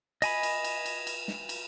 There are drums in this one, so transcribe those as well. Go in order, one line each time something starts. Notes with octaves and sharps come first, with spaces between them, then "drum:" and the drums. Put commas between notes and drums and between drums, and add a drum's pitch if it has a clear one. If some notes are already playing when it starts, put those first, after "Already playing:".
D#5 G#5 B5, drum: cymbal
drum: cymbal
drum: cymbal
drum: cymbal
drum: cymbal
drum: snare
drum: cymbal